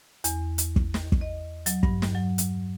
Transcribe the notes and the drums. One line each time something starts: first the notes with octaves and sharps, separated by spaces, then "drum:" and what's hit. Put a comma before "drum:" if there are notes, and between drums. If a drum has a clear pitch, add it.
E2, drum: hi-hat
drum: hi-hat
drum: kick
drum: snare
drum: kick
D#5
F#3, drum: hi-hat
G2, drum: kick
drum: snare
F#3
drum: hi-hat